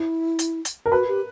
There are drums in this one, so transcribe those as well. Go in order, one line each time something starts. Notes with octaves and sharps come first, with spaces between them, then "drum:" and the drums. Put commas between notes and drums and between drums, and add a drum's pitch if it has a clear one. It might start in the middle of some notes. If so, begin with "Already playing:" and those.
Already playing: E4
drum: hi-hat
drum: hi-hat
A#4
F#4 B4
G4